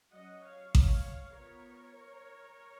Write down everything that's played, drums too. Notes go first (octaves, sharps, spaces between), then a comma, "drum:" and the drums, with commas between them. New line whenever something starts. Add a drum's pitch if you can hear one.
F#3 C#4 D#5 F#5
C#5 F5
C#5 F5, drum: kick A1
F3 B3 A#4 C#5